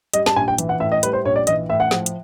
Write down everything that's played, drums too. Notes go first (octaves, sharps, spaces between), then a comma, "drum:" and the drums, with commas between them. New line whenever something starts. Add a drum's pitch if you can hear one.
G3 D#5, drum: hi-hat
A5, drum: snare
A#1 G#5
G5
E3, drum: hi-hat
F#5
A2 E5
D#5
G3 B4, drum: hi-hat
C5
A#1 C#5
D5
E3 D#5, drum: hi-hat
A2 E5
F#5
F3, drum: snare
drum: hi-hat